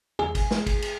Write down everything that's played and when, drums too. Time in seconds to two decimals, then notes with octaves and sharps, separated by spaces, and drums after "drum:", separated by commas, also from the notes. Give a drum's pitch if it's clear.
0.19 G#4, drum: tom
0.35 drum: kick, cymbal
0.51 drum: snare
0.66 drum: kick, cymbal
0.82 drum: cymbal